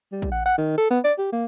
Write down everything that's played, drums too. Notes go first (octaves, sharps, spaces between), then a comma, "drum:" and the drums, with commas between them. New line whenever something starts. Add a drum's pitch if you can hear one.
G3
drum: kick A#1
F#5
F#5
D#3
A4
B3
D5
G4
A#3